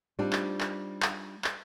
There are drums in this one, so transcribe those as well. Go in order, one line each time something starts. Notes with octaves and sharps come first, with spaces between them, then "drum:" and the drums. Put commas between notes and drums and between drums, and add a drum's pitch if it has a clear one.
G3 C4 D4 D#4 F4 G4
drum: clap
drum: clap
drum: clap
drum: clap